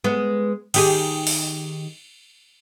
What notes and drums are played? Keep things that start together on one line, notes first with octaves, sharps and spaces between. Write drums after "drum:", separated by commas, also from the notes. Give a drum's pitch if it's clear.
G#3 B3
D#3 G4 G#4, drum: cymbal
drum: open hi-hat